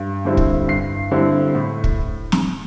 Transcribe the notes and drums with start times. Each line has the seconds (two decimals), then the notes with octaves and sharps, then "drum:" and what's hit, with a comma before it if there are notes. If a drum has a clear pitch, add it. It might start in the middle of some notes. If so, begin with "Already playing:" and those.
Already playing: G2
0.25 D3 G3 C4 E4
0.37 drum: kick
0.68 G2 C7
1.11 D3 G3 C4 E4
1.55 A2
1.84 drum: kick
2.32 drum: snare